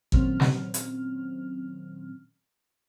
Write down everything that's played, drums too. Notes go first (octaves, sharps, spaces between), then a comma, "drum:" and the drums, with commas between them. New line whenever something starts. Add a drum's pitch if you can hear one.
A#2 D#3 F#3 C4 C#4 F6, drum: kick
drum: snare
drum: hi-hat